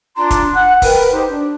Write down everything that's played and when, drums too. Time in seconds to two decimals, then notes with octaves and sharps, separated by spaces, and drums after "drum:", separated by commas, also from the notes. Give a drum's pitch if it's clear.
0.16 D4 F4 A#5 C6
0.31 drum: kick, hi-hat
0.54 F#5 F#6
0.82 A#4 B4 G5, drum: kick, open hi-hat
1.11 D#4 G4 C5
1.29 D4